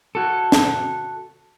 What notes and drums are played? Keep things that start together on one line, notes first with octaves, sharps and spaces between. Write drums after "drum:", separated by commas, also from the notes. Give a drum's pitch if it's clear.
F#4 A4
drum: snare